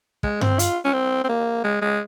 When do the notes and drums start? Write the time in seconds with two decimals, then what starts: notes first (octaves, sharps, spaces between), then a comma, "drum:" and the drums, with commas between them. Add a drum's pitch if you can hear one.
0.23 G#3, drum: kick
0.41 C4, drum: tom G2
0.59 F4, drum: hi-hat
0.85 C#4
0.93 C4
1.24 C4
1.29 A#3
1.64 G#3
1.82 G#3